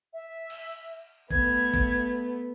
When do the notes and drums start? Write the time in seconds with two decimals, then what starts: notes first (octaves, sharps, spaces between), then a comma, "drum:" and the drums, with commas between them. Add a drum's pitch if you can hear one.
0.13 E5
0.50 drum: cymbal
1.31 A3 B3 G#6, drum: kick
1.74 drum: kick